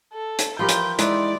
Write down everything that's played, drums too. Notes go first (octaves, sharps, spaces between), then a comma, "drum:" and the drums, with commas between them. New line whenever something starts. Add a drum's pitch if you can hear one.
A4
drum: hi-hat
E3 F3 G4 A#4 B5 C6 G6
drum: hi-hat
G#3 D#4 E4 B4 D5 E5 C6, drum: hi-hat